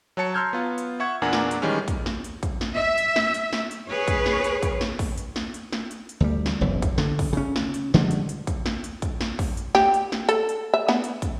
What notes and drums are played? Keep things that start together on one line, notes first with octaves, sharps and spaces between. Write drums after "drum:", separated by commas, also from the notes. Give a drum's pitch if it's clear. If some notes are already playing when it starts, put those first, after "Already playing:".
F#3 C#5 A5 C#7
A#5 C6 E6 F6 G6 G#6
B3 F4
drum: hi-hat
E5 F#5 C#6 G#6
E2 A#2 D4 A#4 F#5 G#5
drum: snare
drum: hi-hat
D#3 E3 G3 G#3 C#4
drum: kick, hi-hat
drum: snare
drum: hi-hat
drum: kick, hi-hat
drum: snare
E5
drum: hi-hat
drum: snare
drum: hi-hat
drum: snare
drum: hi-hat
G#4 B4 C#5
drum: kick, hi-hat
drum: snare
drum: hi-hat
drum: kick, hi-hat
drum: snare
drum: kick, open hi-hat
drum: hi-hat
drum: snare
drum: hi-hat
drum: snare
drum: hi-hat
drum: hi-hat
D2 G3
drum: snare
F#1 B1 F#2 E3
drum: kick, hi-hat
D3, drum: snare
drum: kick, open hi-hat
C#3 C#4
drum: snare
drum: hi-hat
D3 F3 G3 G#3, drum: snare
drum: hi-hat
drum: hi-hat
drum: kick, hi-hat
drum: snare
drum: hi-hat
drum: kick, hi-hat
drum: snare
drum: kick, open hi-hat
drum: hi-hat
G4, drum: snare
drum: hi-hat
drum: snare
A4, drum: hi-hat
drum: hi-hat
E5
B3, drum: snare
drum: hi-hat
drum: kick, hi-hat